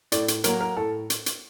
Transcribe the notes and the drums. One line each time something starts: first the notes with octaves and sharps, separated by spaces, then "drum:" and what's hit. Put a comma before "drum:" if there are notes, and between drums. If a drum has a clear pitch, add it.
A2 D5, drum: hi-hat
drum: hi-hat
F#3 A#3 A#4, drum: hi-hat
A#4
A2 A4
drum: hi-hat
drum: hi-hat